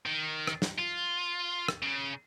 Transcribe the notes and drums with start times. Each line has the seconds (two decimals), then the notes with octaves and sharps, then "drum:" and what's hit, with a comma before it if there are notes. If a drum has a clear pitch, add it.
0.06 D#3
0.47 drum: rim click
0.62 drum: snare
0.79 F4
1.68 drum: rim click
1.83 C#3